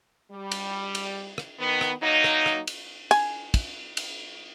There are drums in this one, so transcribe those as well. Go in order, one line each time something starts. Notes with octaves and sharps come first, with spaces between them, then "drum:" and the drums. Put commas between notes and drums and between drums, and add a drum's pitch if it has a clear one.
G3
drum: cymbal
drum: cymbal
drum: rim click
D#3 B3
drum: rim click
F#3 A#3 D#4
drum: rim click
drum: rim click
drum: cymbal
G#5, drum: cymbal
drum: kick, cymbal
drum: cymbal